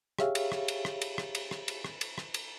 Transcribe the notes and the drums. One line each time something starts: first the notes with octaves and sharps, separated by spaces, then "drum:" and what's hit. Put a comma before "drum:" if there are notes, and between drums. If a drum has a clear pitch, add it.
G4 G#4 C#5 E5 F5, drum: rim click
drum: cymbal
drum: rim click
drum: cymbal
drum: rim click
drum: cymbal
drum: rim click
drum: cymbal
drum: rim click
drum: cymbal
drum: rim click
drum: cymbal
drum: rim click
drum: cymbal